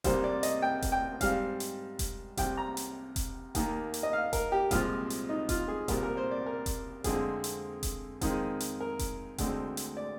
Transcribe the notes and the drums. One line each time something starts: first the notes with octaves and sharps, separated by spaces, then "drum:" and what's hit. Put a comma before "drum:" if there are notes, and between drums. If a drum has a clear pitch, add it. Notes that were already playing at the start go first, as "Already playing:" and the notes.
C2 C3 G3 A#3 C5, drum: kick E1, hi-hat
D5
D#5, drum: hi-hat
G5
drum: kick E1, hi-hat
G5
G#2 G3 C4 F5, drum: kick E1, hi-hat
drum: hi-hat
drum: kick E1, hi-hat
C2 C3 G3 G5, drum: kick E1, hi-hat
A#5
drum: hi-hat
drum: kick E1, hi-hat
D#2 D#3 A#3, drum: kick E1, hi-hat
drum: hi-hat
D#5
F5
A#4, drum: kick E1, hi-hat
G4
C2 A#2 F3 G#3 F4, drum: kick E1, hi-hat
drum: hi-hat
D#4
F4, drum: kick E1, hi-hat
G#4
C2 A#2 G3 A#4, drum: kick E1, hi-hat
A#4
C5
D5
A#4
drum: kick E1, hi-hat
F2 D3 G#3 C4 G#4, drum: kick E1, hi-hat
drum: hi-hat
drum: kick E1, hi-hat
F2 D#3 G#3, drum: kick E1, hi-hat
drum: hi-hat
A#4
drum: kick E1, hi-hat
D2 D3 G#3 C4, drum: kick E1, hi-hat
drum: hi-hat
D5